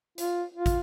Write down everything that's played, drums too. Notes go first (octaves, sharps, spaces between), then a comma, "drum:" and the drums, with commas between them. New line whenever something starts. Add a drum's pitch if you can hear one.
F4, drum: hi-hat
F4
drum: kick, hi-hat